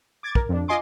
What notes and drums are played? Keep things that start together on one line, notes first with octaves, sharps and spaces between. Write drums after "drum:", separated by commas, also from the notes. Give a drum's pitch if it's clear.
D6 G#6 A6
A#4, drum: kick
F2 D4
F4 D#5 G#5 C6 D6